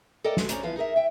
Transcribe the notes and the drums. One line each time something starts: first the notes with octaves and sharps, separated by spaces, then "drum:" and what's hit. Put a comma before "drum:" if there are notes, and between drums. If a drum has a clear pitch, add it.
A4 A#4 D5 D#5 G5
G#3, drum: snare
C#4 C5 D5 A#5, drum: hi-hat
F#2 E3 F3 B3 F5
D#4 G#4 A#4 E5
E5 G5